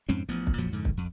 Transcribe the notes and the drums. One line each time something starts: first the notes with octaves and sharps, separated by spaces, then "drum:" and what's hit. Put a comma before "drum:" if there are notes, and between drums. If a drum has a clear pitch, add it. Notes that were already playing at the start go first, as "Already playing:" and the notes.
F2 G#2 C4 C#4
A1 F3 B3
drum: kick
F2 A#2 F3 F#3
F2 G#2 D3
drum: kick
F2